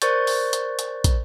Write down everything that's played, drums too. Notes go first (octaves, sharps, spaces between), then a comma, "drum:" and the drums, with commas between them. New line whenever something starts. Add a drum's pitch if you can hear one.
A#4 C5 D5 C#6 G6 A6, drum: hi-hat
drum: open hi-hat
drum: hi-hat
drum: hi-hat
drum: kick, hi-hat